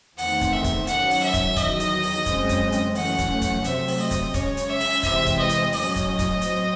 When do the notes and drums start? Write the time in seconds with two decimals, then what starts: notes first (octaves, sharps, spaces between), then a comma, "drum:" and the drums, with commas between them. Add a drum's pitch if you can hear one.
0.18 E2 D#3 A3 C4 F#5, drum: open hi-hat
0.41 drum: kick, hi-hat
0.53 E5
0.64 drum: kick, hi-hat
0.87 G#2 D#3 F#3 C#4 F#5, drum: hi-hat
1.11 drum: open hi-hat
1.23 E5
1.34 drum: kick, hi-hat
1.57 E2 D#3 F#3 D#5, drum: kick, hi-hat
1.80 drum: hi-hat
2.03 drum: open hi-hat
2.26 F#2 C#3 G#3 C4, drum: kick, hi-hat
2.49 drum: kick, hi-hat
2.72 drum: hi-hat
2.95 F#2 E3 A3 C#4 F#5, drum: open hi-hat
3.18 drum: kick, hi-hat
3.42 drum: kick, hi-hat
3.64 C3 F#3 A3 C4 E5, drum: hi-hat
3.88 drum: open hi-hat
4.00 D#5
4.11 drum: kick, hi-hat
4.34 C#3 G#3 C#4 C#5, drum: kick, hi-hat
4.57 drum: hi-hat
4.69 E5
4.80 drum: open hi-hat
5.03 E2 C3 E3 G#3 C4 E5, drum: kick, hi-hat
5.26 drum: kick, hi-hat
5.38 D#5
5.49 drum: hi-hat
5.72 A2 F#3 C#4 D#5, drum: open hi-hat
5.96 drum: kick, hi-hat
6.19 drum: kick, hi-hat
6.42 F#3 C4, drum: hi-hat